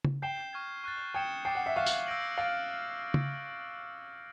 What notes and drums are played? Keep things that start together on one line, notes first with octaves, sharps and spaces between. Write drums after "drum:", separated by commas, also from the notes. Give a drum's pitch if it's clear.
drum: tom C#3
G5 G6 C7 E7 G7
C#6 F6 G#6
C#6 F#6 A6
G5 D#6 G#6 C#7 E7 G7
G5 D6 F#6 A6 C7
F#5
E5
F5 C#6 F#6 A6 C#7 E7
drum: tambourine
E6 G6 A#6 D7 F#7
F5 F6 A6 D7
drum: tom C#3